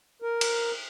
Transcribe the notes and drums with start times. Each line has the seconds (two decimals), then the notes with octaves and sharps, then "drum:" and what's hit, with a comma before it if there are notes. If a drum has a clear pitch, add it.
0.22 A#4
0.41 drum: cymbal